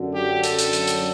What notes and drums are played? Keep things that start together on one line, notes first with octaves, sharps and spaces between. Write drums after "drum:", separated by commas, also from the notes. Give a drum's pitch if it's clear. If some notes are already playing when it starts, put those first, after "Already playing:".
Already playing: F#2 D3 F#3
G4
A4, drum: hi-hat
drum: hi-hat
drum: hi-hat
drum: hi-hat